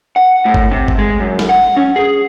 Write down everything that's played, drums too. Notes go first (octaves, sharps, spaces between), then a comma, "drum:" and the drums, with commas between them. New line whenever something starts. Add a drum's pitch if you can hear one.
F#5
A2
drum: kick
C3
drum: kick
G#3
F#2
drum: snare G#3
F#5
C#4
G#4